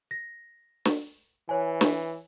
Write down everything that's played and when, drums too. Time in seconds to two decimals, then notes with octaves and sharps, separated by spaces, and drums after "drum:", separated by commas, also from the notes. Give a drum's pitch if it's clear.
0.11 A#6
0.85 drum: snare
1.49 E3 C#5 G#5
1.81 drum: snare